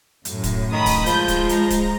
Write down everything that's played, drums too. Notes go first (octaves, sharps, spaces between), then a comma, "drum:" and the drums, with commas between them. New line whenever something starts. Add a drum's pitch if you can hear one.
F#2 A2, drum: hi-hat
drum: kick D1, hi-hat
D#3 B5 D#6
drum: kick D1, open hi-hat
F3 G#3 G6, drum: hi-hat
drum: kick D1, hi-hat
A#5, drum: hi-hat
drum: kick D1, hi-hat